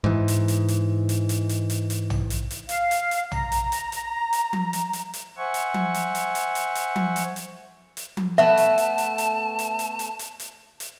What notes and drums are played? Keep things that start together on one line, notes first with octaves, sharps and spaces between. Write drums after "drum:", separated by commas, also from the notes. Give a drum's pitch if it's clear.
G#2 E3
drum: hi-hat
drum: hi-hat
drum: hi-hat
drum: hi-hat
drum: hi-hat
drum: hi-hat
drum: hi-hat
drum: hi-hat
drum: tom
drum: hi-hat
drum: hi-hat
F5, drum: hi-hat
drum: hi-hat
drum: hi-hat
A#5, drum: tom
drum: hi-hat
drum: hi-hat
drum: hi-hat
drum: hi-hat
drum: tom F3
drum: hi-hat
drum: hi-hat
drum: hi-hat
C5 E5 F#5 G#5 C#6
drum: hi-hat
drum: tom F3
drum: hi-hat
drum: hi-hat
drum: hi-hat
drum: hi-hat
drum: hi-hat
drum: tom F3
drum: hi-hat
drum: hi-hat
drum: hi-hat
drum: tom F3
A3 B3 E5 A5
drum: hi-hat
drum: hi-hat
drum: hi-hat
drum: hi-hat
drum: hi-hat
drum: hi-hat
drum: hi-hat
drum: hi-hat
drum: hi-hat
drum: hi-hat